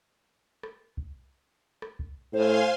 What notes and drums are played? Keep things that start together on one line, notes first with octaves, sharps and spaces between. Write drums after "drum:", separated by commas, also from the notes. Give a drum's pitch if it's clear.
drum: rim click
drum: kick C2
drum: rim click
drum: kick C2
A2 C5 F5 G#5 C6